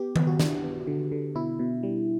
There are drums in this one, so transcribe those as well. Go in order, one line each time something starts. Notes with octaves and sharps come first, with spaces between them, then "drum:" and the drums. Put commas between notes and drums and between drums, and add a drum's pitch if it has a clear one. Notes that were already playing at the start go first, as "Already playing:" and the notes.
Already playing: B3 G4
B3, drum: tom D#3
F#4
D4, drum: snare
B3
D3
D3
B2 E4
B2
G3